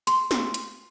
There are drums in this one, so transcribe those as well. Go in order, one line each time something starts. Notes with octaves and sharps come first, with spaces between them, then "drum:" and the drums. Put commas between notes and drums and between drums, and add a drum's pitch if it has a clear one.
C6, drum: hi-hat
drum: snare
drum: hi-hat